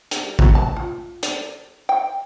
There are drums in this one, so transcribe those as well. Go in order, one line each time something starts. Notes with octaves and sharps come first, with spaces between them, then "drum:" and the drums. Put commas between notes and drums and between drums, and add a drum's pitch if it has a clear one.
G3, drum: hi-hat
F#3 A#3, drum: kick
A5
F4
D5, drum: hi-hat
G5